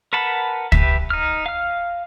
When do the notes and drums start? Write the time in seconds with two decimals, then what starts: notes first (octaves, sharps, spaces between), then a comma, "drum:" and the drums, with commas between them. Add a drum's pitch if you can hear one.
0.13 A#4 B4 F#5 A5 B5
0.72 G4 B4 E5, drum: kick
1.10 D#4 F6
1.46 F5 F6